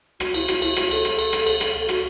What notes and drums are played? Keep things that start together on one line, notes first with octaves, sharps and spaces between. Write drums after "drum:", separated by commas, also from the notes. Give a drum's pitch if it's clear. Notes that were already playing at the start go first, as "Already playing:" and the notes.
F#4, drum: rim click
E4, drum: cymbal
F#4, drum: rim click
E4, drum: cymbal
F#4, drum: rim click
A4, drum: cymbal
drum: rim click
drum: cymbal
drum: rim click
drum: cymbal
drum: rim click
A4
F#4, drum: rim click